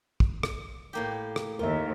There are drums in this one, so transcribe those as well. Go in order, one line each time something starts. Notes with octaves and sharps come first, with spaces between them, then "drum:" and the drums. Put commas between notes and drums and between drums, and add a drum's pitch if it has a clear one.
drum: kick
drum: rim click
A2 A#3 G4
drum: rim click
D#2 F4 A#4 E5